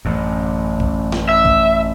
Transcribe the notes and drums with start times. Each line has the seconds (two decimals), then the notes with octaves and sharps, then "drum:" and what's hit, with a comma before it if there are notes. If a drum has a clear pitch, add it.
0.05 A1 F#2
0.80 drum: kick B1
1.12 drum: snare
1.29 E5
1.45 drum: kick B1